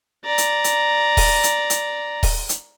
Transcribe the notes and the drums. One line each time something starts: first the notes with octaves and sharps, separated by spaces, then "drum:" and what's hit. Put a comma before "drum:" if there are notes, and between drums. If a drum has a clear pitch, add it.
D5 A#5
drum: hi-hat
drum: hi-hat
drum: kick D#1, open hi-hat
drum: hi-hat
drum: hi-hat
drum: kick D#1, open hi-hat
drum: hi-hat